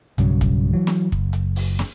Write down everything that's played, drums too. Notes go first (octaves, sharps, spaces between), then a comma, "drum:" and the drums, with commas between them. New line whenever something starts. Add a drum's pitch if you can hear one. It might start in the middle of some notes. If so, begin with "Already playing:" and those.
B1 G2 C#3 F#3, drum: hi-hat
drum: kick, hi-hat
E3 F#3
drum: snare
F#1, drum: kick
drum: hi-hat
drum: open hi-hat
drum: snare